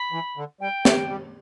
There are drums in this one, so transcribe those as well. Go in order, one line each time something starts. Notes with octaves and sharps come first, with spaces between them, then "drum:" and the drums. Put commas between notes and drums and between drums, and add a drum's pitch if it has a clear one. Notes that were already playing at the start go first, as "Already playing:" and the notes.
Already playing: B5
E3
D3
G3 G5
A3, drum: snare
G3